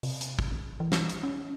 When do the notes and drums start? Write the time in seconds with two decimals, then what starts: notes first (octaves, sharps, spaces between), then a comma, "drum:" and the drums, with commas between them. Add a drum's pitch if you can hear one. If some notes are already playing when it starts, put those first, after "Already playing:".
0.03 C3, drum: open hi-hat
0.21 drum: hi-hat
0.39 drum: kick
0.52 A#1
0.80 E3
0.92 drum: snare
1.09 drum: hi-hat
1.23 C#4